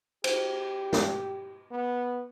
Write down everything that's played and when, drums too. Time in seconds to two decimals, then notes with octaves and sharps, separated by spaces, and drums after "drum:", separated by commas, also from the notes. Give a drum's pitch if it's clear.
0.24 G4 C5, drum: cymbal
0.93 drum: snare
1.71 B3